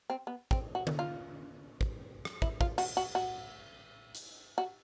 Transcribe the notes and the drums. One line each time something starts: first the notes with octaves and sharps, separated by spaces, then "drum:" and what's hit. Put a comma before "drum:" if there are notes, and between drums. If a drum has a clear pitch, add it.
C4
B3
C4, drum: kick
F#4
drum: tom D3
F4
drum: kick
drum: rim click
E4, drum: kick
F4, drum: kick
F#4, drum: cymbal
F#4
F#4
drum: hi-hat
F#4